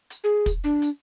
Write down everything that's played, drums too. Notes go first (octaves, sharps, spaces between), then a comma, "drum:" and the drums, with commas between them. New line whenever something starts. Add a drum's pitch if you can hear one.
drum: hi-hat
G#4
drum: kick, hi-hat
D4
drum: hi-hat